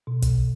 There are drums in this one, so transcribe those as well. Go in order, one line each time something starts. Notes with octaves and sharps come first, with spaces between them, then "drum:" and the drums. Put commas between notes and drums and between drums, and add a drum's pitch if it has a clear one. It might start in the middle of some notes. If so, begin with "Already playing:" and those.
B2
drum: kick, hi-hat